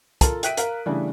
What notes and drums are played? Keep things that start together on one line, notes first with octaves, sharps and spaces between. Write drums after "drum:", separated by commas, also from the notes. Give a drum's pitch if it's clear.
F4 A4 A#4 A5, drum: kick, hi-hat
E5 G5 F#6 B6 D7 D#7, drum: hi-hat
A#4 F5, drum: hi-hat
C#3 E3 G3 A3 D4